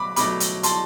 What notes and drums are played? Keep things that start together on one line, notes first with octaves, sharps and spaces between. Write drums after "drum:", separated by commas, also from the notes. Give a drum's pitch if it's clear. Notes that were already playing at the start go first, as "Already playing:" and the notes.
Already playing: B2 F#3 B5 D6
B2 F#3 A3 B5 D6, drum: hi-hat
drum: hi-hat
A5 C6, drum: hi-hat